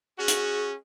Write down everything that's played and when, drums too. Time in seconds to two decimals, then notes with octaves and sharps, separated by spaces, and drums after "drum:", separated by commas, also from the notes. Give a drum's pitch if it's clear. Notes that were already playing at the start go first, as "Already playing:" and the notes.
0.19 C#4 F#4 G#4
0.28 drum: hi-hat